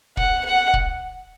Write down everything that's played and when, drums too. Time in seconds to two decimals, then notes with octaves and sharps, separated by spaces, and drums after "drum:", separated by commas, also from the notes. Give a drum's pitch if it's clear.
0.17 F#5, drum: kick
0.45 F#5
0.74 drum: kick